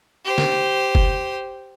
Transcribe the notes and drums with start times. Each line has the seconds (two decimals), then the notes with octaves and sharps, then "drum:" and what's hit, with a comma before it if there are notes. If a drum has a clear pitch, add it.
0.25 G4 C5
0.38 drum: snare
0.95 drum: kick